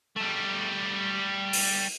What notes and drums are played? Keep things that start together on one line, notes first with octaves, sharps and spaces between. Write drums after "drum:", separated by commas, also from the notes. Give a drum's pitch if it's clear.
G3 A3
drum: open hi-hat